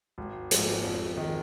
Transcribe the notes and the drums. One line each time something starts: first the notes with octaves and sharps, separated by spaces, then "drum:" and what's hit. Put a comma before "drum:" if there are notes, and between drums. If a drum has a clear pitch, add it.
G#1
G#2 F3, drum: hi-hat
F2
D#3 G#3